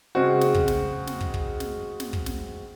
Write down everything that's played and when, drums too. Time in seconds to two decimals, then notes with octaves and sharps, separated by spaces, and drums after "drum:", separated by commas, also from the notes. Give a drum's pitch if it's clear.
0.15 C#3 G#3 C4 F#4
0.41 drum: snare
0.54 drum: kick
0.68 drum: snare
1.07 drum: snare
1.21 drum: kick
1.34 drum: kick
1.60 drum: snare
2.00 drum: snare
2.13 drum: kick
2.26 drum: snare